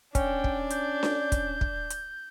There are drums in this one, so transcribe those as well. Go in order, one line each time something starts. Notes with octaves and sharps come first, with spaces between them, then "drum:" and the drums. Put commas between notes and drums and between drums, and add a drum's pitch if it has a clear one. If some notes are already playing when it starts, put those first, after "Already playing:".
C#4 D4 G5, drum: kick, hi-hat
drum: kick
G6, drum: hi-hat
drum: snare D4
drum: kick, hi-hat
drum: kick
drum: hi-hat